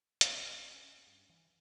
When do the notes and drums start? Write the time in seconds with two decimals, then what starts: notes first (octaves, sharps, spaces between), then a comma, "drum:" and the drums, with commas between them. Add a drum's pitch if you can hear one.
0.21 G#1, drum: hi-hat
0.46 C#4
0.74 C#4
1.07 G2
1.30 E3